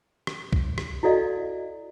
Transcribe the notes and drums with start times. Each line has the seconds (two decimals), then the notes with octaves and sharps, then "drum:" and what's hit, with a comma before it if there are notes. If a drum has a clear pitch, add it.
0.27 drum: rim click
0.53 drum: kick B1
0.78 drum: rim click
1.03 E4 F#4 A4 D5 D#5 F5